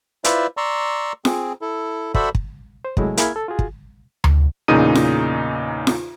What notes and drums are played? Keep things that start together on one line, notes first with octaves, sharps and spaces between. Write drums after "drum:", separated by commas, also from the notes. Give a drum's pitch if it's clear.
E4 F4 B4 C5 D5 E5, drum: hi-hat
D5 A#5 C6 C#6 E6
C4 G#4, drum: snare F4
E4 A4
F#4 A4 C5 D5 E5 B5, drum: kick
drum: kick
C5
C2 F#3 G#3 A3 E4, drum: kick
A#3 E4 G#4 B5 F6 G#6, drum: hi-hat
A4
F4 F#4 G#4
drum: kick
drum: tom D2
E2 A#2 C#3 D#4 D#6 D#7
drum: snare F4
drum: snare F4